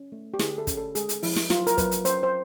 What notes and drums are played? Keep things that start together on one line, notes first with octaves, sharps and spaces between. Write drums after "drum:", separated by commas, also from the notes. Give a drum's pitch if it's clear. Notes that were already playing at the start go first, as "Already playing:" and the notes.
Already playing: C#4
A3
G4
D3 G#4, drum: snare
A4
C#4, drum: kick, hi-hat
A4
G#3 G#4, drum: hi-hat
drum: hi-hat
F3 E4, drum: open hi-hat
drum: snare
F#3 F4, drum: snare
A#4, drum: hi-hat
F#3 B4, drum: kick, hi-hat
drum: hi-hat
C#4 C5, drum: hi-hat
C5